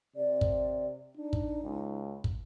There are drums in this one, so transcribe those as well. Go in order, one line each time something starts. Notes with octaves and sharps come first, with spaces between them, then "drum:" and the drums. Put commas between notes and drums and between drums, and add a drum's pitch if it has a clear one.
C3 D5
drum: kick
D4 D#4
drum: kick
C#2
drum: kick